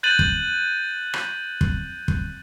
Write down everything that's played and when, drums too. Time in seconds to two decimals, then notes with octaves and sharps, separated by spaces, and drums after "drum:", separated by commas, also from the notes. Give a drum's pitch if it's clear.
0.03 F#6 G6 A6 D#7 F#7
0.19 drum: kick
1.14 drum: rim click
1.61 drum: kick
2.08 drum: kick